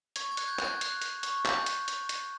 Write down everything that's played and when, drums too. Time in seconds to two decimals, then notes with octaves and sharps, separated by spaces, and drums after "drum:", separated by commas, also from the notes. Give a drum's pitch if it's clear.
0.16 C#6 G#6, drum: hi-hat
0.32 G#6
0.37 F#6, drum: hi-hat
0.48 G6
0.59 F#6, drum: clap
0.64 G#6
0.81 F#6, drum: hi-hat
1.02 F#6, drum: hi-hat
1.23 C#6, drum: hi-hat
1.46 G6, drum: clap
1.66 drum: hi-hat
1.88 drum: hi-hat
2.09 drum: hi-hat